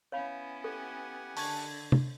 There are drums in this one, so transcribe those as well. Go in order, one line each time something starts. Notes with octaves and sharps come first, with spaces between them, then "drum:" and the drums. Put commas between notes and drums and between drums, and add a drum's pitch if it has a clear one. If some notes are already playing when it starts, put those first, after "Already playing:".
B3 C#4 E4 C#5 F5 B5
G4 A4 F#5 G#5
D3 A5 C#6 G#6, drum: open hi-hat
drum: tom